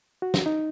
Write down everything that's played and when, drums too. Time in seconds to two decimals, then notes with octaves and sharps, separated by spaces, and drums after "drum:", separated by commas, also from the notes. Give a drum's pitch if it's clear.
0.22 F#4
0.34 drum: snare
0.46 D#4